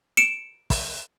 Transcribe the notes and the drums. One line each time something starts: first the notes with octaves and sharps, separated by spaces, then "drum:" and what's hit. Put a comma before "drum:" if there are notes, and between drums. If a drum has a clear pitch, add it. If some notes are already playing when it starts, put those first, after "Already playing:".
C#7 D7 E7
drum: kick, open hi-hat